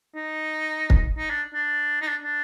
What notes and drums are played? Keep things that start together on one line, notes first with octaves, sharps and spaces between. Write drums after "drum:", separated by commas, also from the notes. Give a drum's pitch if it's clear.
D#4
drum: kick
D#4
D4
D4
D#4
D4
D4